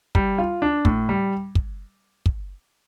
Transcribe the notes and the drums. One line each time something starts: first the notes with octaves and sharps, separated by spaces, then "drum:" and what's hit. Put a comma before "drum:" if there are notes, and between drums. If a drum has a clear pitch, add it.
G3, drum: kick
F4
D4
A2, drum: kick
G3
drum: kick
drum: kick